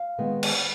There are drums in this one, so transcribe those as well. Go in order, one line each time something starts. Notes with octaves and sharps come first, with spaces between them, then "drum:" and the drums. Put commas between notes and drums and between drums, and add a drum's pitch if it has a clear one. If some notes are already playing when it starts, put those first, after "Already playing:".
Already playing: F5
D#3 G#3 B3
drum: cymbal